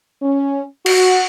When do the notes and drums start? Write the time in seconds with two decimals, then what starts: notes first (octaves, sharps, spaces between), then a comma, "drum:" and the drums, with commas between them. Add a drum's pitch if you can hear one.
0.22 C#4
0.86 F#4, drum: cymbal